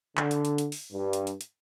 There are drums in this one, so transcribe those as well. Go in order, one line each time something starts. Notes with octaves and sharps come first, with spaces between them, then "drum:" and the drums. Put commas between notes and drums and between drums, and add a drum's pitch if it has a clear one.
D3, drum: clap
drum: hi-hat
drum: hi-hat
drum: hi-hat
drum: open hi-hat
G2
drum: hi-hat
drum: hi-hat
drum: hi-hat